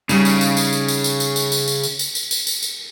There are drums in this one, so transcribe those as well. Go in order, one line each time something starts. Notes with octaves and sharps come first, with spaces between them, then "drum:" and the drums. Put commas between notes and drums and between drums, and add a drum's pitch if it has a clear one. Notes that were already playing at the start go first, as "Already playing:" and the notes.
C#3 G3 D#4, drum: tambourine
drum: tambourine
drum: tambourine
drum: tambourine
drum: tambourine
drum: tambourine
drum: tambourine
drum: tambourine
drum: tambourine
drum: tambourine
drum: tambourine
drum: tambourine
drum: tambourine
drum: tambourine
drum: tambourine
drum: tambourine
drum: tambourine